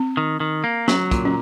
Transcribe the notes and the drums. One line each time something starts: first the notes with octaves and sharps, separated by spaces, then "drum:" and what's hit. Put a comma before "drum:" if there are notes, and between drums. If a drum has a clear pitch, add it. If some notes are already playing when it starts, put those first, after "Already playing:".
Already playing: C4
D#3
D#3
A#3
F#3 C#4, drum: snare
A#2, drum: kick, hi-hat
C#4